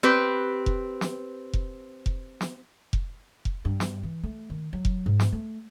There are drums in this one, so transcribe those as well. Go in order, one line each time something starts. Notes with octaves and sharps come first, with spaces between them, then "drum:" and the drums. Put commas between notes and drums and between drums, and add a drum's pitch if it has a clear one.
C4 G4 B4
drum: kick F1
drum: snare
drum: kick F1
drum: kick F1
drum: snare
drum: kick F1
drum: kick F1
G2
drum: snare
E3
A3
D#3
F#3
drum: kick F1
G#2
drum: snare
A3